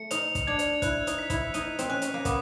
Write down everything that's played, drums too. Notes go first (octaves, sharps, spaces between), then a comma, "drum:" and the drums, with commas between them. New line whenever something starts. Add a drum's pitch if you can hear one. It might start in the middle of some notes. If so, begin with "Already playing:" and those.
Already playing: A3 C#7
D#4 F7, drum: hi-hat
drum: kick, hi-hat
D4 G#6
drum: hi-hat
E4 F#6, drum: kick, hi-hat
D#4, drum: hi-hat
B6
E4, drum: kick, hi-hat
D#4 D#7, drum: hi-hat
C4, drum: hi-hat
C#4 F#6
drum: hi-hat
A#3
B3 D6, drum: kick, hi-hat